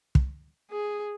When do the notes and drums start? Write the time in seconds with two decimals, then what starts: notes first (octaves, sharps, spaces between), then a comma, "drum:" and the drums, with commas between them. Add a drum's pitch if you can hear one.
0.15 drum: kick
0.71 G#4